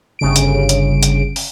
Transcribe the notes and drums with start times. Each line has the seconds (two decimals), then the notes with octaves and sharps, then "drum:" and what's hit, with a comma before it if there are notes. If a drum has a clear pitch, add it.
0.19 G1 C#3 D7
0.36 drum: hi-hat
0.69 drum: hi-hat
1.03 drum: hi-hat
1.36 drum: open hi-hat